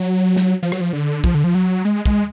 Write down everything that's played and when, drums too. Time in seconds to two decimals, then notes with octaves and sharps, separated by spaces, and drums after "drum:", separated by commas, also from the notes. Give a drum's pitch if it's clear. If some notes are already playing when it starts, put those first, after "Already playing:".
Already playing: F#3
0.36 drum: snare
0.63 F3
0.72 F#3, drum: rim click
0.81 F3
0.93 D3
1.24 F3, drum: kick
1.34 D3
1.44 F3
1.55 F#3
1.85 G#3
2.06 G#3, drum: kick